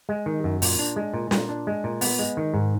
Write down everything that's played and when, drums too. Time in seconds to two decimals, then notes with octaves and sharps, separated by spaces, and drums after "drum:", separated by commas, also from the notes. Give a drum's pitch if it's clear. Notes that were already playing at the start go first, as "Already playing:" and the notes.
0.09 G#3
0.26 D#3
0.44 F#2
0.62 A#2, drum: open hi-hat
0.79 D4
0.96 G#3
1.14 A#2
1.31 A#2, drum: snare
1.49 D4
1.67 G#3
1.84 A#2
2.01 B3, drum: open hi-hat
2.19 G#3
2.37 D#3
2.54 G#2